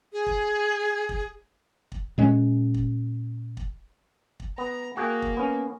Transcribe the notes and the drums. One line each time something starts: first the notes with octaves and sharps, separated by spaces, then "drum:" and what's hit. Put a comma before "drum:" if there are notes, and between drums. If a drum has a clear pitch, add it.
G#4
drum: kick
drum: kick
drum: kick
A#2 G#3 C#4
drum: kick
drum: kick
drum: kick
B3 A#5
A#3 F#4 G#4 G5
drum: kick
B3 C#4